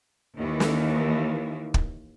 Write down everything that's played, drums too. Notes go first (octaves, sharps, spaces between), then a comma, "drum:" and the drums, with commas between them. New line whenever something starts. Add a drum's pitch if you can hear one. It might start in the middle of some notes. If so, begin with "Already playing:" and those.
D#2 D#3 E3
drum: snare
drum: kick